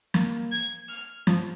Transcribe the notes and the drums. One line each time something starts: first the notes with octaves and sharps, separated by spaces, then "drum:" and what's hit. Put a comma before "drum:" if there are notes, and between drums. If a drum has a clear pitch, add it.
A#3, drum: snare
G#6
F6
F3, drum: snare